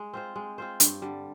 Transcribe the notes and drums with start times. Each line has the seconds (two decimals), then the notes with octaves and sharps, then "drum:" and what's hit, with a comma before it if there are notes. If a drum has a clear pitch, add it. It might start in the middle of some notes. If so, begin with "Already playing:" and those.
Already playing: G#3
0.13 C4 F4 C5
0.36 G#3
0.58 C4 F4 C5
0.80 G2, drum: hi-hat
1.02 D3 G3